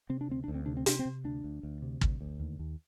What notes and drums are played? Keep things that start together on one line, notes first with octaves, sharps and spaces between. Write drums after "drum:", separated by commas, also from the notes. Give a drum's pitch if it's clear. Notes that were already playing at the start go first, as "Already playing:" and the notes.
C3 C4
D4
D2 C4
D2 D4
C4
C3 D4
C4
C3 D4, drum: hi-hat
C4
C3
D2 D4
D2
D2
C3
D2, drum: kick
D2
D#2
D#2